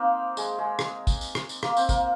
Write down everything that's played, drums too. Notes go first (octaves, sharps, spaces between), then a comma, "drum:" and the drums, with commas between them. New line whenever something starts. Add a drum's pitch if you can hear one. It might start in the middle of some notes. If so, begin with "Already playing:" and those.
Already playing: A#3 C4 D#4
G#3, drum: tambourine
G#3
drum: rim click
drum: kick, tambourine
drum: tambourine
drum: rim click
drum: tambourine
A#3, drum: rim click
C4, drum: tambourine
A#3, drum: kick, tambourine